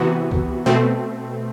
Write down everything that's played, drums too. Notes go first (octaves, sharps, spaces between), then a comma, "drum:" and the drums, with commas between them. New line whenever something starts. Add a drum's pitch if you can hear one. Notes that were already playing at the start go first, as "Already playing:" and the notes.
Already playing: C3 E3 B3 F#4
drum: kick C2
B2 A3 C4